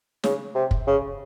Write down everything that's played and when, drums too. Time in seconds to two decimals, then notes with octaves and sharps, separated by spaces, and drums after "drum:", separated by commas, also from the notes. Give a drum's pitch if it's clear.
0.24 C#3, drum: snare
0.55 C3
0.71 drum: kick
0.87 C#3